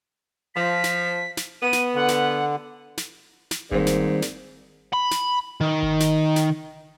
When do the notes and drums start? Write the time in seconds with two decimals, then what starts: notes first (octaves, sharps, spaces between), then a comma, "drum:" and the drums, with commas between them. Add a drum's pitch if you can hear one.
0.55 F3 B6
0.84 drum: snare
1.37 drum: snare
1.62 B3 D#7
1.73 drum: snare
1.95 D3 F#5
2.08 drum: snare
2.97 drum: snare
3.51 drum: snare
3.71 G#2 D#3 G3 A#3 C4, drum: kick G1
3.87 drum: snare
4.22 drum: snare
4.93 B5
5.11 drum: snare
5.61 D#3
5.83 drum: kick G1
6.00 drum: snare
6.36 drum: snare